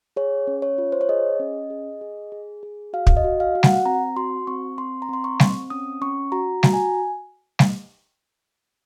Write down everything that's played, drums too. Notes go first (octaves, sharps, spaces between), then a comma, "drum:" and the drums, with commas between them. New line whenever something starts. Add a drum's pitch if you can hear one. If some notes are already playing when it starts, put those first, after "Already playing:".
G#4 C#5
C#4
C#5
F4
C5
C#5
G#4 D#5
C#4
G#4
G#4
G#4
G#4
F#4 F5
drum: kick
D#5
F#4
F5
F#4
F#5, drum: snare G3
C4 A#5
F#4 C6
C4 C#6
C4 C6
A#5
C4 C6
C#6
C4, drum: snare G3
C#4 D#6
C#4 C#6
F#4 A#5
F#4 A#5, drum: snare G3
G#5
drum: snare G3